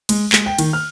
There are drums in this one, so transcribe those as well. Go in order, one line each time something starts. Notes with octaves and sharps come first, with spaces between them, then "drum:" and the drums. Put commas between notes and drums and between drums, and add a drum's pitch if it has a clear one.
G#3, drum: cymbal
G#3, drum: clap
G5
D#3, drum: cymbal
F6